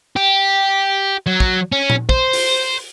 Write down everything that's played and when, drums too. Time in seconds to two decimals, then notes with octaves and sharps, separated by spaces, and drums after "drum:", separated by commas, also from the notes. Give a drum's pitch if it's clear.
0.16 G4
1.27 F#3
1.40 drum: kick
1.72 C#4
1.90 drum: tom A#2
2.09 C5, drum: kick
2.33 drum: open hi-hat